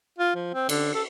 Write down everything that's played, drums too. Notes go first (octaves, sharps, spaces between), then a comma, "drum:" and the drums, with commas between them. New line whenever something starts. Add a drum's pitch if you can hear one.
F4
F3
C4
D3, drum: cymbal
A4